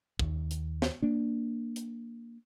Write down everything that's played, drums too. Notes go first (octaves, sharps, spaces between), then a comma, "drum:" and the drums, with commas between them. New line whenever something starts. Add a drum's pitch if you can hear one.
D#2, drum: kick
drum: hi-hat
drum: snare
A#3 D4
drum: hi-hat